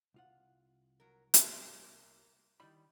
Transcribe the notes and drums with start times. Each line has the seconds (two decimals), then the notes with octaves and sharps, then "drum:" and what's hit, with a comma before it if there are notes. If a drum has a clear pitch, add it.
0.14 C2 F4 F#5
1.00 F#3 A#4
1.34 C#4 G#4, drum: hi-hat
1.84 A#3
2.60 D#3 G3 E4 D5 B5